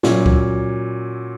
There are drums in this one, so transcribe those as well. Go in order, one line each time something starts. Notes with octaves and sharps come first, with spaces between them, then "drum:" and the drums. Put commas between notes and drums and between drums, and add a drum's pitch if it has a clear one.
A#2 F#3 C#4, drum: snare
drum: kick C#2